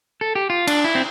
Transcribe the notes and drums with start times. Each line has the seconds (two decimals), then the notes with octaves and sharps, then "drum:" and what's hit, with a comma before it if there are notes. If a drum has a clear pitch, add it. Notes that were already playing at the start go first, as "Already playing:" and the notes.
0.21 A4
0.35 G4
0.50 F4
0.67 D4, drum: cymbal
0.84 E4
0.95 C4